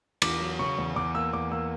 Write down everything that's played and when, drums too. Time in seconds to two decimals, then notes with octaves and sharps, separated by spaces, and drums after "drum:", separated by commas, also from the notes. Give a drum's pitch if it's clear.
0.22 E2 D6, drum: cymbal
0.40 F#3
0.59 C#3 C#6
0.78 E2
0.96 E2 D6
1.14 A#3 E6
1.33 E2 D6
1.51 A#3 E6